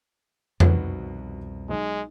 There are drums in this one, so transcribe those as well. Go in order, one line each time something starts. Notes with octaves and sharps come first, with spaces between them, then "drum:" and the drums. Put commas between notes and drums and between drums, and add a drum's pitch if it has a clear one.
C2 F2 B2 D#3 F#4 B4, drum: tom F2
B1 G#3